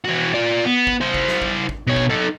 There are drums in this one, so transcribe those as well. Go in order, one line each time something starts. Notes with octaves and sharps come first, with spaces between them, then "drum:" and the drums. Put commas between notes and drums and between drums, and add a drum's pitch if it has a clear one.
E3 F#4
F4 D5
B3
drum: kick G#1
E4 C5
drum: kick G#1
drum: snare
drum: kick G#1
drum: kick G#1
B2 C#5
drum: kick G#1
D#4 A4